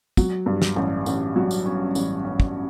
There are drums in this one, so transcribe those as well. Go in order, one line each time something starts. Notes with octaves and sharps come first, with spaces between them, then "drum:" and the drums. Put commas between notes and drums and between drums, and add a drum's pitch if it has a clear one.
F#3, drum: kick, tambourine
G2
drum: snare
A1
A1, drum: tambourine
F#3
drum: tambourine
C#4
A1, drum: tambourine
C#4
drum: kick